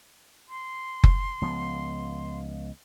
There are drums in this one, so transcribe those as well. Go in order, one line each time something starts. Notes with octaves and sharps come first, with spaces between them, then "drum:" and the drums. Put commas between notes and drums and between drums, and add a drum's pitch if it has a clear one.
C6
drum: kick F#1
C#2 F3 B3